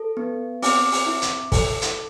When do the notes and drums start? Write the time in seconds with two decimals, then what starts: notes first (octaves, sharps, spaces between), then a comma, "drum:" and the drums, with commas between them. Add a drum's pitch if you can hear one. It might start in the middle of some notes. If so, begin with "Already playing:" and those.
Already playing: A4
0.17 B3
0.62 C4 D6, drum: open hi-hat
0.92 drum: open hi-hat
1.06 E4
1.22 drum: hi-hat
1.52 A4, drum: kick, open hi-hat
1.82 drum: hi-hat